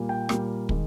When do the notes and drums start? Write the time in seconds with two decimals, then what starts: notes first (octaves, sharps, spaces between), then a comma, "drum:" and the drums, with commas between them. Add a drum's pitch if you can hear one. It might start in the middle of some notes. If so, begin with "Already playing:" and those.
Already playing: A#2 G3 A#3
0.09 G5
0.29 A#2 G3 A#3, drum: rim click
0.69 D#3 G#3, drum: kick